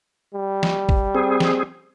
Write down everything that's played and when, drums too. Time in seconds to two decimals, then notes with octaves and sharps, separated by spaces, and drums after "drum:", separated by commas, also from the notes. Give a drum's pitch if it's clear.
0.34 G3
0.63 drum: snare
0.89 drum: kick
1.15 C4 G#4
1.40 drum: snare